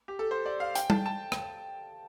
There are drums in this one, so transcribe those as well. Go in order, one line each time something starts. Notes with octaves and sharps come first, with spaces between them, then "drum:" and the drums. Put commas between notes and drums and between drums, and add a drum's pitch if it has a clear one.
G4
A4
C5
D5
F5
G5, drum: hi-hat
A5, drum: tom G3
A5
drum: rim click